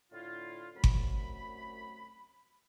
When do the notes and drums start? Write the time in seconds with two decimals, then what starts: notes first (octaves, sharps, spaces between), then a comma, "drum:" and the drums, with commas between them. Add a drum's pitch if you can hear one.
0.11 A2 D3 E4 F4
0.74 C2 F#2 A3 B5
0.84 drum: kick G1